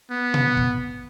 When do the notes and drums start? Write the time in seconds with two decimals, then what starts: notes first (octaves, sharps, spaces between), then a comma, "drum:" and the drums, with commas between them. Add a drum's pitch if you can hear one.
0.11 B3
0.34 drum: tom B2
0.57 drum: kick